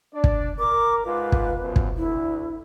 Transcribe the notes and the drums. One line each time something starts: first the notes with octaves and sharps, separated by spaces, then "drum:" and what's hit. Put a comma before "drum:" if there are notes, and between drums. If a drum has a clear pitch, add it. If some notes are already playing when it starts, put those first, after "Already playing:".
D4 D5
drum: kick
A#4 D6
G#2 G#3 F4 B4
drum: kick
F#2 F3 B3
drum: kick
D2 E4